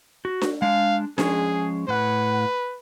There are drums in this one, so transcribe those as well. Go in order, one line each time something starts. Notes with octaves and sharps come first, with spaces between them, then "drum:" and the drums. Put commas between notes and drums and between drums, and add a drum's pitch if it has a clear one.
F#4
drum: snare D4
G#3 D4 F5
F3 G#3 C#4 G#4, drum: snare D4
A2 B4 F#5